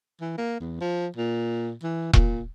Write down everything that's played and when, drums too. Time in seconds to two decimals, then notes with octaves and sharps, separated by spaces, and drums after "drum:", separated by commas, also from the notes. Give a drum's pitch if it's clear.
0.21 E3
0.38 A#3
0.60 E2
0.81 F3
1.17 A#2
1.83 E3
2.13 A#2, drum: kick E1